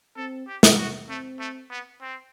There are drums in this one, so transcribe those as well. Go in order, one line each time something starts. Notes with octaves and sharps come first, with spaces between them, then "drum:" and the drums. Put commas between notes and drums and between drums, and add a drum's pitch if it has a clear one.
C4 A4
G4
drum: snare
F#4
A3 C4
A3
B3
C4